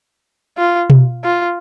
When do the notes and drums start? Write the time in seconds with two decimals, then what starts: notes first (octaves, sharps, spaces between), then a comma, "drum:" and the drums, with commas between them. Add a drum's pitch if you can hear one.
0.58 F4
0.90 drum: tom B2
1.24 F4